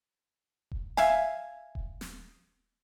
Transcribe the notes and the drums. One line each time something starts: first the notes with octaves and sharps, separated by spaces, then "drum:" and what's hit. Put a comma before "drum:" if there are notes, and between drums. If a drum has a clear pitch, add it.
drum: kick D#1
E5 F5 G#5, drum: snare
drum: kick D#1
drum: snare